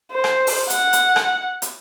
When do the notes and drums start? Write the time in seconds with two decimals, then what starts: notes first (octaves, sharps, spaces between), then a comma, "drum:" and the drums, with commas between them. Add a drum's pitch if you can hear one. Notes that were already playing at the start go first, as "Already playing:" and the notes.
0.12 C5
0.24 drum: rim click
0.47 drum: open hi-hat
0.70 F#5, drum: hi-hat
0.93 drum: hi-hat
1.16 drum: rim click
1.62 drum: hi-hat